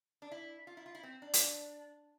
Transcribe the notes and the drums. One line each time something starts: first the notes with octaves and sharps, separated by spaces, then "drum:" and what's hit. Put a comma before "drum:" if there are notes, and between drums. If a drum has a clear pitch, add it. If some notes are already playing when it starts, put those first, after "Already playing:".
D4
E4
F4
E4
F4
E4
C4
D4
drum: hi-hat